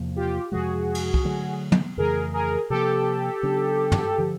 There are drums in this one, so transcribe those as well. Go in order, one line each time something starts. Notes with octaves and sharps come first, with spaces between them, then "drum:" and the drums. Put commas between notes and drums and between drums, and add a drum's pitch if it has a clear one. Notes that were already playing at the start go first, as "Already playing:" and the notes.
Already playing: E2 C3 F3 A#3
F4 G4
F2 C3 F3 G#3 F#4 G#4
drum: cymbal
drum: kick
D3 F#3 A3
drum: tom
F2 C#3 E3 A3 G#4 A#4
G#4 A#4
C3 F3 A#3 G4 A4
C#3 F#3 B3 D4
drum: tom
D3 F3